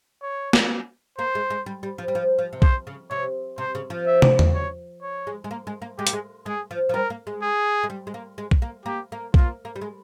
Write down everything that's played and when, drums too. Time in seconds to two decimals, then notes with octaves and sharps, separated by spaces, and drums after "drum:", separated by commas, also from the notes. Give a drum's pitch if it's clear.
0.22 C#5
0.53 drum: snare
1.19 A#3 C5
1.35 G#3
1.50 G#3
1.66 G3
1.83 G3
1.98 F3
2.08 G3
2.15 F3
2.39 F3
2.53 C3
2.62 C#3 C5, drum: kick B1
2.87 C#3
3.10 C3 C#5
3.58 C3 C5
3.75 C#3
3.90 F3
4.07 E5
4.22 drum: tom
4.39 drum: tom E2
4.54 C#5
5.02 C#5
5.27 G#3
5.44 G#3
5.51 A#3
5.67 G#3
5.82 A#3
5.98 G#3 G4
6.07 A#3, drum: hi-hat
6.13 G#3
6.46 G#3 G#4
6.71 F3
6.89 F3
6.94 G3 A#4
7.10 A#3
7.27 G#3
7.42 G#4
7.83 G#3
7.90 G3
8.07 G#3
8.14 A#3
8.38 G#3
8.51 drum: kick B1
8.62 A#3
8.86 A#3 G4
9.12 A#3
9.34 A#3 F4, drum: kick B1
9.65 A#3
9.76 G3
9.81 G#3